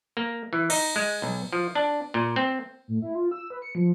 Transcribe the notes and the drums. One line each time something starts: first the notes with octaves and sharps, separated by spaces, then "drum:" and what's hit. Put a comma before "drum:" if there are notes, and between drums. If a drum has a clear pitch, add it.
A#3
E3
D#4, drum: cymbal
G#3
B1
F3
D4
A#2
C4
A2
E4
F4
E6
B4
C#7
F3